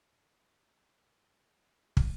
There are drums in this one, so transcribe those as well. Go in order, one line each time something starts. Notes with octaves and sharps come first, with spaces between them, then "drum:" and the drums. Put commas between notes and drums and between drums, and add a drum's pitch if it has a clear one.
G4
A4
B4
drum: kick